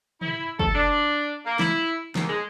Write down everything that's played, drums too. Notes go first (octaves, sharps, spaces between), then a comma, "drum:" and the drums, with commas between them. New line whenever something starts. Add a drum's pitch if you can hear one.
E4, drum: tom
A4, drum: kick
D4
A#3
E4, drum: snare
D#2, drum: snare
G#3